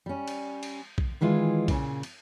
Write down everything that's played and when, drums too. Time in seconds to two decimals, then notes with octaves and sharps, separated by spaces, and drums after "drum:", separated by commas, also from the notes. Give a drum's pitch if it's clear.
0.06 G3 C#4
0.28 drum: cymbal
0.63 drum: cymbal
0.98 drum: kick B1
1.21 D#3 E3 G#3 F4
1.68 A#2 C#3, drum: kick B1, cymbal
2.03 drum: cymbal